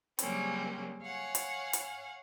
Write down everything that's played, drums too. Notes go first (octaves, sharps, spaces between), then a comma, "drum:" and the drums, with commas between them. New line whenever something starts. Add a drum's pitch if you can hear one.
C#3 F#3 G3 A#3 C4 C#4, drum: hi-hat
C#5 F5 F#5 G#5
drum: hi-hat
drum: hi-hat